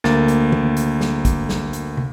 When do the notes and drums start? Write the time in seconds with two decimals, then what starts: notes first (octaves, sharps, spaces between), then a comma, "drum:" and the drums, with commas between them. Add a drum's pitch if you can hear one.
0.04 D2 A#3 A6, drum: snare
0.28 drum: hi-hat
0.52 drum: tom
0.77 drum: hi-hat
1.01 drum: snare
1.25 drum: kick, hi-hat
1.49 drum: snare
1.73 drum: hi-hat
1.97 drum: tom